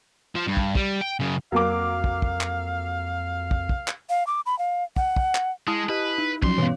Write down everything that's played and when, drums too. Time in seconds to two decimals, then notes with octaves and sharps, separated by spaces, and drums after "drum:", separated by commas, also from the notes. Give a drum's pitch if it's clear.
0.36 F3
0.48 G2
0.57 drum: kick
0.75 G3, drum: kick
1.01 G5
1.20 F#2 C#3
1.52 F2 F#3 A#3 F5 D6
2.04 drum: kick
2.22 drum: kick
2.41 drum: clap
3.51 drum: kick
3.69 drum: kick
3.88 drum: clap
4.10 F5
4.27 D6
4.46 B5
4.59 F5
4.96 F#5, drum: kick
5.16 drum: kick
5.35 drum: clap
5.68 G#3 E4 A5 D#6
5.89 E4 G4 B4 D#5
6.18 D#4
6.43 C#2 F3 F#3 C#4 F#4 C6, drum: kick
6.58 G2 B2 E3 B3 C#5 F5